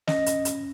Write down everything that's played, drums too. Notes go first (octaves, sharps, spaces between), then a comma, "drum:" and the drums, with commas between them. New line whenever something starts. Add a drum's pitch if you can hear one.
C#4 D#5, drum: snare
drum: hi-hat
drum: hi-hat